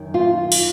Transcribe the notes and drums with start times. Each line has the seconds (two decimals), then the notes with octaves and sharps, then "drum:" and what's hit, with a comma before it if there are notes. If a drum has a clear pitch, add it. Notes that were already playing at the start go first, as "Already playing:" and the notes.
Already playing: F#2 D#3
0.14 F4
0.52 drum: open hi-hat